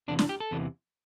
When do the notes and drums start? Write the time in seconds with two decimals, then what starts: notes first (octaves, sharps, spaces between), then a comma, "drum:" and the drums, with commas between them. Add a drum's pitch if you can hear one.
0.08 E2 C3 E3 D4
0.19 D4, drum: snare
0.29 G4
0.40 A4
0.51 E2 C3 E3